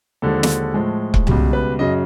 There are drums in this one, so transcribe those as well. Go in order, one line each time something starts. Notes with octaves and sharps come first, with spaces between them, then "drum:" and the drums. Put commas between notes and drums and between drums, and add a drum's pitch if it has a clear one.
D#2 D3 F3 G#3 A4
drum: snare
A2 F3 G#3
drum: kick C#1
C#2 B2 G3, drum: tom C2
B4
F#2 C#3 F#3 D#5